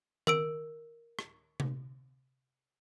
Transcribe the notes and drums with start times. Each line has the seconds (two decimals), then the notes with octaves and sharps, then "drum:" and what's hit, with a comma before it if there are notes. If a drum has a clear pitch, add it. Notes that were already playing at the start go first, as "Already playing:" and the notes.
0.27 A#4 E6 D7, drum: tom D#3
1.19 drum: rim click
1.60 drum: tom C3